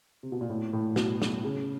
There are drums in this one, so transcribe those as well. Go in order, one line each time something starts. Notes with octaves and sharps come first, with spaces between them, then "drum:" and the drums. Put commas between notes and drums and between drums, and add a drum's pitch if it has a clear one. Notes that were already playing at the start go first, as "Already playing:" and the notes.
C3
B2
A#2
A2
A2
B2, drum: snare
drum: snare
C#3